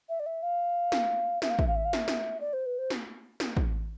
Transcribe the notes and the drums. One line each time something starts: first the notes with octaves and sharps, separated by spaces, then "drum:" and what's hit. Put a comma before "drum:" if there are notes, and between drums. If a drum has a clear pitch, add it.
E5
D5
E5
F5
drum: snare
E5, drum: snare
F5
E5, drum: kick
F5
E5
F5
E5, drum: snare
drum: snare
D5
C5
B4
C5
drum: snare
drum: snare
drum: kick